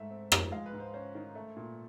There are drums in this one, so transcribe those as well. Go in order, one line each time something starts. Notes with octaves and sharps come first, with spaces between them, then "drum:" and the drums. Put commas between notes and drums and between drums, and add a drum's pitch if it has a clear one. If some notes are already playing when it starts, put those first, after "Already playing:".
Already playing: G#2 A3 E5
C4
F3, drum: rim click
G#3 F5
B4
G#2
C5
C#4 C5
D#3
A3
A#2